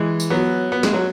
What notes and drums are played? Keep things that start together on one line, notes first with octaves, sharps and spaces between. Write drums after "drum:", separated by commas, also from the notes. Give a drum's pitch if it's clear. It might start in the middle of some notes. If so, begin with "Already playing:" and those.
Already playing: E3 G#3
drum: tambourine
F#3 B3
B3
G#3, drum: snare
F#3